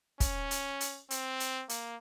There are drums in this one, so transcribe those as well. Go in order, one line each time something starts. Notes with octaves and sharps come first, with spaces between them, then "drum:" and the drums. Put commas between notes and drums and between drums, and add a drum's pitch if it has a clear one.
C#4, drum: kick, hi-hat
drum: hi-hat
drum: hi-hat
C4, drum: hi-hat
drum: hi-hat
A#3, drum: hi-hat